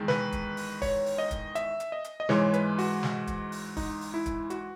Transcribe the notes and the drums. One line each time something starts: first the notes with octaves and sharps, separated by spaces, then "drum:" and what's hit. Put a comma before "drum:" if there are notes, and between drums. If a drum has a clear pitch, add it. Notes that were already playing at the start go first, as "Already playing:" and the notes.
Already playing: E2 D#3 G#3
B4, drum: snare
drum: kick, hi-hat
drum: open hi-hat
C#5, drum: kick, open hi-hat
drum: open hi-hat
D#5
drum: kick, hi-hat
E5, drum: hi-hat
drum: hi-hat
D#5
drum: hi-hat
D#5
G#2 E3 G#3 C#5, drum: snare
B4, drum: hi-hat
F#4, drum: open hi-hat
drum: snare
drum: kick, hi-hat
drum: open hi-hat
D#4, drum: kick, open hi-hat
drum: open hi-hat
E4
drum: kick, hi-hat
F#4, drum: hi-hat